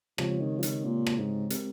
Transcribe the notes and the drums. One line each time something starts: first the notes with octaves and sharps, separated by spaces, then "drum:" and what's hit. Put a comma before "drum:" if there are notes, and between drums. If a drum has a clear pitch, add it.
C#3 F3 G#3 C4 G4 C#5, drum: rim click
D#3
F3
D#3, drum: hi-hat
A#2
drum: rim click
G#2
G#3 C4 G4 A#4, drum: hi-hat